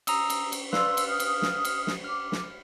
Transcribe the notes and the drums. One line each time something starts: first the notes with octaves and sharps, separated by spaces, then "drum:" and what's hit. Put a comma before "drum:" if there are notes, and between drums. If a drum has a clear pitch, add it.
A#5 D#6 E6, drum: cymbal
drum: cymbal
drum: cymbal
B4 D5 F5 C6 E6, drum: snare
drum: cymbal
D#6 F6
drum: cymbal
drum: snare
drum: cymbal
drum: snare
D6 F6
drum: snare